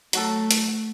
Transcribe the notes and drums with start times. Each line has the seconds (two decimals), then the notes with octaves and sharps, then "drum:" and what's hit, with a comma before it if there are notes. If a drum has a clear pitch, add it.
0.13 F#3 A3 F#4 A4, drum: hi-hat
0.51 drum: hi-hat